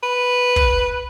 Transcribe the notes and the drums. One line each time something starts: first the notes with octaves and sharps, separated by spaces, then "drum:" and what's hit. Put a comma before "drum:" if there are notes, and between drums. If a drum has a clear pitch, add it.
B4
drum: kick